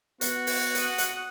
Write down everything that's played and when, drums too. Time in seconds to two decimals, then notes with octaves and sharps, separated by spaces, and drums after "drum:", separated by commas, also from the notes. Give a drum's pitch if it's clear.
0.21 B3 F#4, drum: hi-hat
0.47 drum: open hi-hat
0.75 F#5 D#6, drum: hi-hat
0.98 drum: hi-hat